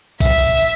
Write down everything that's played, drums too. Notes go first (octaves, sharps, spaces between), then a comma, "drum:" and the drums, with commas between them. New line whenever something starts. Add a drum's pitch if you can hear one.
E5, drum: kick, tambourine
drum: tambourine
drum: tambourine